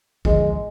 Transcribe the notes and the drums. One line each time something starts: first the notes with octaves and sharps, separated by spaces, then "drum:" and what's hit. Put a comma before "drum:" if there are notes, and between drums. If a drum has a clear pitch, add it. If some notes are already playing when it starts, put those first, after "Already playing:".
D#2 D3 F3 G#3, drum: kick